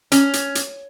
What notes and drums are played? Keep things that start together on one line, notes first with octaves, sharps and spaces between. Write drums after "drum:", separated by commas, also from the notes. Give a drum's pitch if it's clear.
C#4, drum: hi-hat
drum: hi-hat
drum: hi-hat